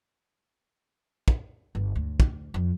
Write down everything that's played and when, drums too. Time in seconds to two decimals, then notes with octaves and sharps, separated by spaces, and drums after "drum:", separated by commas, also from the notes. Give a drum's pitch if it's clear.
1.28 drum: kick
1.75 G1
1.95 D2
2.20 drum: kick
2.54 F2